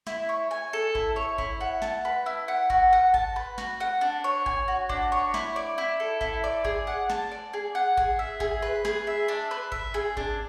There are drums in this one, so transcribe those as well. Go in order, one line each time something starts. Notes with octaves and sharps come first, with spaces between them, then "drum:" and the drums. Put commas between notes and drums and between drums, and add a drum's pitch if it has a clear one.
E4, drum: snare
C#5
G#5
A4
E4, drum: kick G#1
C#5
E4, drum: kick G#1
F#5
A5, drum: snare
B4
E4
F#5
F#4, drum: kick G#1
F#5
A5, drum: kick G#1
B4
F#4, drum: snare
F#5
D4
C#5
G#5, drum: kick G#1
F#4
D4, drum: kick G#1
C#5
E4, drum: snare
D5
E4
A4
E4, drum: kick G#1
D5
G#4, drum: kick G#1
F#5
A5, drum: snare
D5
G#4
F#5
G#4, drum: kick G#1
E5
G#4, drum: kick G#1
B4
G#4, drum: snare
E5
D4
B4
E5, drum: kick G#1
G#4
D4, drum: kick G#1